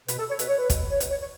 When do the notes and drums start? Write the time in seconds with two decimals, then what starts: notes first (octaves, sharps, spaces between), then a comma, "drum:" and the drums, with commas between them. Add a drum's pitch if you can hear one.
0.08 B2 B4, drum: hi-hat
0.18 A4
0.29 C#5
0.39 B2 B4, drum: hi-hat
0.48 C#5
0.58 B4
0.70 B2, drum: kick, hi-hat
0.91 C#5
1.00 B2 B4, drum: hi-hat
1.10 C#5
1.21 C#5